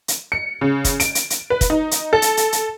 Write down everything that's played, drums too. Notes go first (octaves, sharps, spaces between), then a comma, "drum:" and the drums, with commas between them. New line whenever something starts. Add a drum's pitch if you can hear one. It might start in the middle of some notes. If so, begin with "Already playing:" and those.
drum: hi-hat
C#7
C#3
drum: kick, hi-hat
D7, drum: hi-hat
drum: hi-hat
drum: hi-hat
B4
drum: kick, hi-hat
D#4
drum: hi-hat
A4
drum: hi-hat
drum: hi-hat
drum: hi-hat